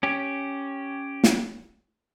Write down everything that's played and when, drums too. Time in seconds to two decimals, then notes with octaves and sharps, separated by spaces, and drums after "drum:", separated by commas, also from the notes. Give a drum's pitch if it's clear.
0.03 C#4 G4
1.24 drum: snare